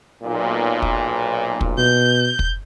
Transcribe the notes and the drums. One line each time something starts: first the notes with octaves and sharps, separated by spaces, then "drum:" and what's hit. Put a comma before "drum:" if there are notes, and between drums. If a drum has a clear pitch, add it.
B1 A#2
drum: kick
drum: kick
B2 G6
drum: kick